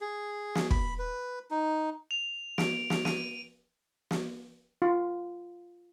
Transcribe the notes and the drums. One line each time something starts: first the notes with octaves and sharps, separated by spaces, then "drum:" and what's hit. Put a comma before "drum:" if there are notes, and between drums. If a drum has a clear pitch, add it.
G#4
drum: snare
B5, drum: kick
B4
D#4
F7
D7, drum: snare
drum: snare
D#7, drum: snare
drum: snare
F4